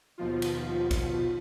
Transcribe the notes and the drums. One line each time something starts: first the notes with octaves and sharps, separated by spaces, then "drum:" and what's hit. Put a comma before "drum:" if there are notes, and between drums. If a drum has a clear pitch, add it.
D#2 B2 F3 F4
drum: cymbal
drum: kick A#1, cymbal